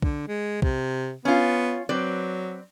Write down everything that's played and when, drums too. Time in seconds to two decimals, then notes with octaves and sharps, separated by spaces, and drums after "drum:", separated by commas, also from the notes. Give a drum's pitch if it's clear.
0.02 D3, drum: kick B1
0.28 G#3
0.62 C3, drum: kick B1
1.25 B3 C#4 F4
1.89 F#3 C4 B4 D5